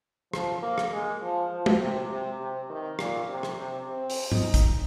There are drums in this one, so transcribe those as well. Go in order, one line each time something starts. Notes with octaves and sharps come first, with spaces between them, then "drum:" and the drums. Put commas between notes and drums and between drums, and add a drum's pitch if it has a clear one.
F3, drum: rim click
A#3
drum: rim click
G#3
F3
F3
drum: tom
C3
C3
C3
D#3
A#2, drum: rim click
C3
drum: rim click
C3
C4
drum: open hi-hat
D#4, drum: tom G#2
drum: kick, hi-hat